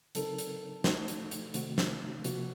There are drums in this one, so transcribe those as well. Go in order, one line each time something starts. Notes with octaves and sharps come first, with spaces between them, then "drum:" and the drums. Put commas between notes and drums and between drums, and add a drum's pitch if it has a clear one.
C#3 F#3 C4 D#4 A4 A#4, drum: hi-hat
drum: hi-hat
F3 A3 D#4 F#4 C5, drum: snare
drum: hi-hat
drum: hi-hat
C3 D#3 A3 C4 F#4, drum: hi-hat
drum: snare
C3 F3 A#3 F#4, drum: hi-hat